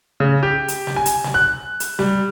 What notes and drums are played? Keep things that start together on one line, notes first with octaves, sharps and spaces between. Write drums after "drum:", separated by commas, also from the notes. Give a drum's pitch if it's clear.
C#3
G4
drum: hi-hat
drum: snare
G#5
drum: hi-hat
drum: snare
F#6
drum: hi-hat
G3, drum: snare